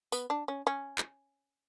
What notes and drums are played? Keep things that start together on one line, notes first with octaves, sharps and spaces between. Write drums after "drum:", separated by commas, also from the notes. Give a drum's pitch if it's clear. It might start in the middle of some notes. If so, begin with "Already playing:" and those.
B3, drum: tambourine
D4
C#4
C#4
drum: clap